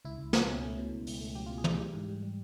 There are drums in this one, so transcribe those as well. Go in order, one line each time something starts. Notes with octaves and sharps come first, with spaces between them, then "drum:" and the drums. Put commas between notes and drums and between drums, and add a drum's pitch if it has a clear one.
C#2 E4
C#2
C#2, drum: snare
B2 C#4
A3
B2
C#2
C#2, drum: open hi-hat
A3
F#3 G4
F4
B2
G#4
A3 G4, drum: tom
E3 G4
G#2
G3
G3